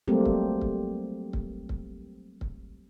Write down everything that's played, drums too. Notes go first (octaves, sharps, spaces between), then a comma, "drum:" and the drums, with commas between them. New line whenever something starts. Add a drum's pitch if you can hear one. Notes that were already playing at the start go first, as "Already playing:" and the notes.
F#3 G3 A3 A#3 C4 G4
drum: kick C#1
drum: kick C#1
drum: kick C#1
drum: kick C#1
drum: kick C#1